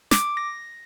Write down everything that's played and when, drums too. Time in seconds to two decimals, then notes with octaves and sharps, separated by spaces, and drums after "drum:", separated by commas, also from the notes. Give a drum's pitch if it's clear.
0.11 D6, drum: snare
0.37 A#6